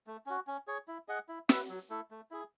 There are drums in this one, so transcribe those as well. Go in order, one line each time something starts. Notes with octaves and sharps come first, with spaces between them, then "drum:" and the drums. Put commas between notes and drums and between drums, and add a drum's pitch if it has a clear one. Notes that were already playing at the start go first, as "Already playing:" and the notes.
A3
C#4 F#4
C#4
G#4 C#5
E4
G#4 D#5 F#5
E4
B4 E5, drum: snare
F#3
A3 E4 A4
A3
E4 G#4